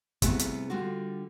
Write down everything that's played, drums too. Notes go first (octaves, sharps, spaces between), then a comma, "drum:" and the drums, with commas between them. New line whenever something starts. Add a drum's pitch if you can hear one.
C3 G3 A3 B3 E4 G#4, drum: kick, hi-hat
drum: hi-hat
D3 G3 F4 F#4